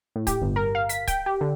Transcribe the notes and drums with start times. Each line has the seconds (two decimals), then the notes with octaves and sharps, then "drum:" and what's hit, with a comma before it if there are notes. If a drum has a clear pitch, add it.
0.16 A2
0.27 G4, drum: kick C#1, hi-hat
0.42 G1
0.56 A#4
0.75 F5
0.89 B6, drum: hi-hat
1.08 G5, drum: kick C#1, hi-hat
1.26 G4
1.41 D3